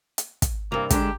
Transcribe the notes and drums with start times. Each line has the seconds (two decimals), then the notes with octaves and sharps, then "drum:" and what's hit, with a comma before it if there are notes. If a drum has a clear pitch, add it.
0.18 drum: hi-hat
0.42 drum: kick, hi-hat
0.72 C2 G2 A#3 A#4 F7
0.90 D3 G#3 D4 G4 G#4 A#5, drum: kick, hi-hat